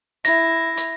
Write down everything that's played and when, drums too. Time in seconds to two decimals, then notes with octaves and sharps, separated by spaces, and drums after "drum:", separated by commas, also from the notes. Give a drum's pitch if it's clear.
0.25 E4 A#6, drum: hi-hat
0.77 drum: hi-hat